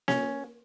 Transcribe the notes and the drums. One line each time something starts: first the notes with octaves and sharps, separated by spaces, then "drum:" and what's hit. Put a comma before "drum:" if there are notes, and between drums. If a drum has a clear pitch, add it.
C#4, drum: snare A#3